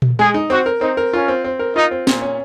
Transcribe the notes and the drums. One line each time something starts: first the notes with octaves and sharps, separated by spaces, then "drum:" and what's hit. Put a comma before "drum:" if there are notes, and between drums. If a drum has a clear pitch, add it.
drum: tom A#2
G#3 G#4
D#4
C4 F#4
A#4
C4 D#4
A#4
C#4 F4
C4
C4
A#4
D#4 F4
C4
A#2, drum: snare
C#4